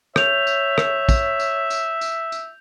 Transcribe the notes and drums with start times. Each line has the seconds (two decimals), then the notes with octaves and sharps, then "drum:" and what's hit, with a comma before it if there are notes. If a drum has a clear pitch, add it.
0.16 C#5 E5 G6 F7, drum: rim click
0.47 drum: tambourine
0.78 drum: rim click
1.09 drum: kick, tambourine
1.40 drum: tambourine
1.70 drum: tambourine
2.01 drum: tambourine
2.32 drum: tambourine